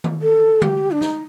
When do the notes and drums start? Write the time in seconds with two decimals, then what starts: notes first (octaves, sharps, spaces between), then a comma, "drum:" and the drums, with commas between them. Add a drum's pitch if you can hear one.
0.04 drum: tom D#3
0.22 A4
0.62 G4, drum: tom D3
0.91 D4
1.01 D#4, drum: snare